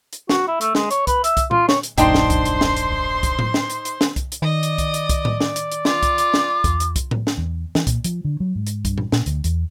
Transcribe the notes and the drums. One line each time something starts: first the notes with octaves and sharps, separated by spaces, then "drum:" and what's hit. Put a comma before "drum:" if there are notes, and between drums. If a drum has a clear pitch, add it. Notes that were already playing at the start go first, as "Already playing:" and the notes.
drum: hi-hat
F#4, drum: snare
E4
A3, drum: hi-hat
G#3, drum: snare
C#5, drum: hi-hat
B4, drum: kick C2, hi-hat
E5, drum: hi-hat
drum: kick C2, hi-hat
F4, drum: tom A#2
C#5, drum: snare
drum: hi-hat
D#1 A#1 F#2 D4 D#4 C5 G5 C6, drum: hi-hat
drum: snare
drum: kick C2, hi-hat
drum: hi-hat
drum: snare
drum: hi-hat
drum: kick C2
drum: kick C2, hi-hat
drum: tom A2
drum: snare
drum: hi-hat
drum: hi-hat
drum: snare
drum: kick C2, hi-hat
drum: hi-hat
D#3 D5 D#5
drum: hi-hat
drum: kick C2, hi-hat
drum: hi-hat
drum: kick C2, hi-hat
drum: tom A2
drum: snare
drum: hi-hat
drum: hi-hat
F4 D6, drum: snare
drum: kick C2, hi-hat
drum: hi-hat
drum: snare
E2, drum: kick C2, hi-hat
drum: hi-hat
drum: kick C2, hi-hat
drum: tom A2
drum: snare
E2
E3, drum: snare
A#2, drum: kick C2, hi-hat
F3, drum: hi-hat
D3
F#3
G#2
drum: hi-hat
G2, drum: kick C2, hi-hat
drum: tom A#2
A#2, drum: snare
D2, drum: hi-hat
E2, drum: hi-hat